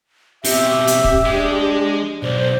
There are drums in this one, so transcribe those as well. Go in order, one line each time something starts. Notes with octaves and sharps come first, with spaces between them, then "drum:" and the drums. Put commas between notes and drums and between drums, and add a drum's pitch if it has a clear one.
B2 C4 G4 E5, drum: open hi-hat
drum: hi-hat
drum: kick
G#3 D4
B1 C5 D5